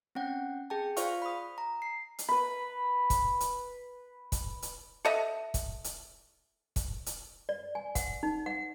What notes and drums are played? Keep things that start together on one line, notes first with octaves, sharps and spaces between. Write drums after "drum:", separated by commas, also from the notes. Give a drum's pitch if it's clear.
C4 C#4 F#5 G5
G#4 G5 A5
F4 C5 D5 F5 C#6, drum: hi-hat
B5 D#6
A#5
C7
drum: hi-hat
B4 B5
drum: kick, hi-hat
drum: hi-hat
drum: kick, hi-hat
drum: hi-hat
A4 D#5 E5
drum: kick, hi-hat
drum: hi-hat
drum: kick, hi-hat
drum: hi-hat
D5
G#5
F#5, drum: kick, hi-hat
D#4
F#5